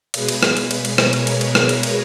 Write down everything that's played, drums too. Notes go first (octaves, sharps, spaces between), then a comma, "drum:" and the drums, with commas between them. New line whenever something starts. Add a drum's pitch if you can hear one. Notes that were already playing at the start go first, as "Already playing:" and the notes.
B2 G#3 G#4 B4, drum: cymbal
drum: cymbal
drum: rim click
drum: cymbal
drum: cymbal
drum: cymbal
A#4 C#5, drum: rim click
drum: cymbal
drum: cymbal
drum: cymbal
drum: rim click
drum: cymbal
drum: cymbal